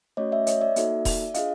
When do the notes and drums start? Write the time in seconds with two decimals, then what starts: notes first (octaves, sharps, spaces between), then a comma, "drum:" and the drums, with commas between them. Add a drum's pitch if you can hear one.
0.17 A3 C#4 F#4 C#5 D#5
0.32 D5 E5
0.47 C#5 D#5, drum: hi-hat
0.61 D5 E5
0.76 A#3 D#4 F#4 A4, drum: hi-hat
1.05 drum: kick E1, open hi-hat
1.34 D4 F4 G#4 D#5 F5, drum: hi-hat